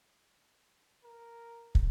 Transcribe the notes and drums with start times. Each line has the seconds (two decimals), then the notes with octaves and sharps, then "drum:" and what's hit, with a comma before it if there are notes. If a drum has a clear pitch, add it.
1.04 A#4
1.75 drum: kick